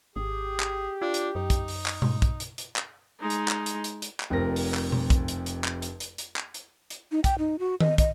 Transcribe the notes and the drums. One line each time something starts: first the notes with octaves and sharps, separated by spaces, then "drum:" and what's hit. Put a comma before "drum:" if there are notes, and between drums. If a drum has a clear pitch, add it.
G#1 G4 G#4
drum: clap
D4 F4
drum: hi-hat
F#2 D#4
drum: kick, hi-hat
drum: open hi-hat
drum: clap
G#2, drum: tom B2
drum: kick, hi-hat
drum: hi-hat
drum: hi-hat
drum: clap
G#3 D#4
drum: hi-hat
drum: clap
drum: hi-hat
drum: hi-hat
drum: hi-hat
drum: clap
F1 F2 F3 A#4 A#6
drum: open hi-hat
drum: clap
drum: tom B2
drum: kick, hi-hat
drum: hi-hat
drum: hi-hat
drum: clap
drum: hi-hat
drum: hi-hat
drum: hi-hat
drum: clap
drum: hi-hat
drum: hi-hat
D#4
G5, drum: kick, hi-hat
D#4
F#4
D#5, drum: tom D#3
D#5, drum: kick, hi-hat